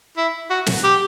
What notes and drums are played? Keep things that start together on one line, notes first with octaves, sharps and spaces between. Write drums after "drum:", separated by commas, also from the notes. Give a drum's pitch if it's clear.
E4
F#4
drum: snare
G4